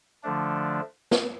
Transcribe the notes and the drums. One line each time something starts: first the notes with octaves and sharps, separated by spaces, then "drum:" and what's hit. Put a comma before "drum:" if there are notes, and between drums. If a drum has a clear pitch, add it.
D3 F3 A3 D4
drum: snare